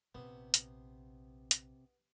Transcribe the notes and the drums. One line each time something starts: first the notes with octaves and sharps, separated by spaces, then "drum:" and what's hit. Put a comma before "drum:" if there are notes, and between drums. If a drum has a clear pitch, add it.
A#1 C3 B3
drum: hi-hat
drum: hi-hat